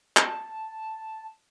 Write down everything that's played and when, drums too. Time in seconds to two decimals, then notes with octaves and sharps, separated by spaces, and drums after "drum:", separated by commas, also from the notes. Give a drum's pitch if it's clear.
0.17 A5, drum: clap